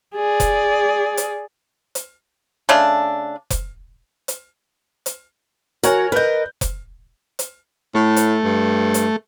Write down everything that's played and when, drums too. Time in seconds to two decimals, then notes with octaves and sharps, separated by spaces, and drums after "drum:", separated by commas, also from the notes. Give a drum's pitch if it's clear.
0.15 G#4 D5
0.40 drum: kick F1, hi-hat
1.17 drum: hi-hat
1.95 drum: hi-hat
2.69 C#3 A3 D4
3.50 drum: kick F1, hi-hat
4.28 drum: hi-hat
5.06 drum: hi-hat
5.83 F#4 A#4 C#5 G#5, drum: hi-hat
6.12 A#4 B4 D#5 G6
6.61 drum: kick F1, hi-hat
7.39 drum: hi-hat
7.95 A2 A3
8.16 drum: hi-hat
8.43 G2
8.94 drum: hi-hat